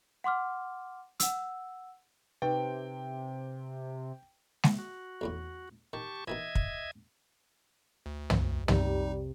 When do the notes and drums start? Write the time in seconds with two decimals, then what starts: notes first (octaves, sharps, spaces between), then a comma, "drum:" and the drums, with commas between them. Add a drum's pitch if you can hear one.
0.24 F#5 C6 D6 F6
1.20 F#5 E6, drum: hi-hat
2.42 C3 D#4 B4 G5
4.63 drum: snare G#3
4.79 F#4
5.21 B1 E2 A2
5.93 D#3 G4 A5 C#6
6.28 B2 D#3 E3 D#5 E5 G#6
6.55 drum: kick
8.06 D2
8.30 drum: tom
8.68 C3 G3 D#4, drum: tom